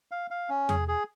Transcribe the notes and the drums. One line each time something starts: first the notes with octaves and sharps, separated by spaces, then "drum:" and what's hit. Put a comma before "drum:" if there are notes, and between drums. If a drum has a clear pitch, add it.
F5
F5
C#4
G#4, drum: tom E2
G#4